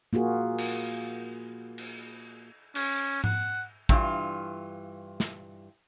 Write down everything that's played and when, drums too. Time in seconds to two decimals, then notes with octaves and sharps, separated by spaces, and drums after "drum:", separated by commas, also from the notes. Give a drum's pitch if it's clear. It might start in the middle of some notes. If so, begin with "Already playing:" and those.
0.13 A#3 F4 F#4 G#4
0.58 drum: cymbal
1.78 drum: cymbal
2.75 C#4, drum: cymbal
3.24 F#5, drum: tom G#2
3.89 G2 E3 F4, drum: kick
5.20 drum: snare